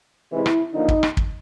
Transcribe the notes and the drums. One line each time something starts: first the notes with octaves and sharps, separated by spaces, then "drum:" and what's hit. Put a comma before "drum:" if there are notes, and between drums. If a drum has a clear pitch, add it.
C3 E3 G#3 E4
drum: rim click
D3 F3 A#3 D#4
drum: kick
drum: rim click
drum: kick